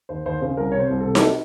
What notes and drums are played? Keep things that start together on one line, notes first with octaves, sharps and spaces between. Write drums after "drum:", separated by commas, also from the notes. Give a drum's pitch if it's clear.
D#2 C5
D#2 C5
C#3 C5
C2 A#4
C3 C#5
C5
C2
A4
C3
A4, drum: snare D#4
F#4